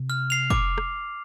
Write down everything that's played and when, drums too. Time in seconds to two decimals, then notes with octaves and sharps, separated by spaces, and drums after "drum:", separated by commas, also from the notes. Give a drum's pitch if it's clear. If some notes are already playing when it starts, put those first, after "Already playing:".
Already playing: C3
0.10 F6
0.30 C7 F7
0.50 A#2 D6, drum: kick
0.78 drum: rim click